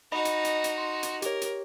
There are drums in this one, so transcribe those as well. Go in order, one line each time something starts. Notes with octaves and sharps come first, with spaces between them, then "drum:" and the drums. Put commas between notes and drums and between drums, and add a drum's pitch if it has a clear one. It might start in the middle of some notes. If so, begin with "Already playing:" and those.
D#4 F#4 D#5 B5 A#6
drum: hi-hat
drum: hi-hat
drum: hi-hat
C6
drum: hi-hat
G4 A#4 C#5, drum: hi-hat
drum: hi-hat